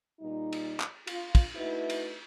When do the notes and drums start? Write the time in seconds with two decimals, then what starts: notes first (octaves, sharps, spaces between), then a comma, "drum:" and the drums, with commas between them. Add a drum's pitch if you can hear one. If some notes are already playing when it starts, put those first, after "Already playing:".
0.20 A#2 G3 D#4
0.53 drum: cymbal
0.80 drum: clap
1.07 F4, drum: cymbal
1.35 drum: kick, cymbal
1.56 A3 D#4 E4 F#4 B4
1.90 drum: cymbal